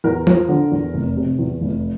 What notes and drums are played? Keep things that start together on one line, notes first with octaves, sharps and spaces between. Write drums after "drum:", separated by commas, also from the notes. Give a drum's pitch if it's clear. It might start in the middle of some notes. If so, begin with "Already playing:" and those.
E2 A#4
F3, drum: tom F3
D3
E2
F1
C3
E2
F1